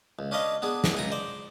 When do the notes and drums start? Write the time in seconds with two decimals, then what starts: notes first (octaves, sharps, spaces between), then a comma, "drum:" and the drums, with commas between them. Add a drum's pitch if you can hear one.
0.19 C#2
0.31 C#4 D4 B4 D#5 F5
0.62 B3 D4 G#4
0.84 drum: snare
0.95 C#2 G#5 A#5
1.12 C5 D5